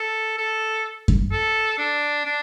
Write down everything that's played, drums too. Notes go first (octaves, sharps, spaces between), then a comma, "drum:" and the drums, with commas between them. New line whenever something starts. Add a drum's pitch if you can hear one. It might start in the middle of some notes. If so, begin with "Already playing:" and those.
Already playing: A4
A4
drum: kick F#2
A4
D4
D4